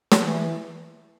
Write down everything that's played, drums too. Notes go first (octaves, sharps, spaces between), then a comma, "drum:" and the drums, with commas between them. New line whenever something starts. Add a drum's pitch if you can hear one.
drum: snare
E3